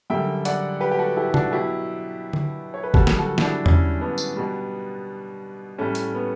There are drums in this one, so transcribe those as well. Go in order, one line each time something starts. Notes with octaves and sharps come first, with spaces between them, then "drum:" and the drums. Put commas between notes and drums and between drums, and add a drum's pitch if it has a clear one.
F#2 D3 G3 E5 G5
D5 F#5, drum: hi-hat
G4 B4
G4
F#4 A4
E4 G4
D4 F#4, drum: tom C3
B2 F#3 E4 G4
drum: tom D3
C#5
B4
F#2 D3 G3 F#4 A4, drum: kick
drum: snare
F#4 A4
E4, drum: snare
D4 F#4
C#4 E4, drum: tom E2
B3 D4
drum: tambourine
B2 G3
A2 G3 A3 C#4
drum: hi-hat
B3